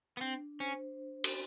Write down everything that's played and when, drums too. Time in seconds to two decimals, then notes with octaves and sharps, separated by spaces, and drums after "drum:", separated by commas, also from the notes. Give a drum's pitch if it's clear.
0.17 B3
0.21 C4 D4
0.60 C#4 C5
1.24 drum: cymbal